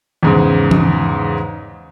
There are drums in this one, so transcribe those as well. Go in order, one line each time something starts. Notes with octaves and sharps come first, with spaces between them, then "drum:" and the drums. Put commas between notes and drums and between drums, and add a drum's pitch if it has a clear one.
E2 G#2 C#3
drum: tom E3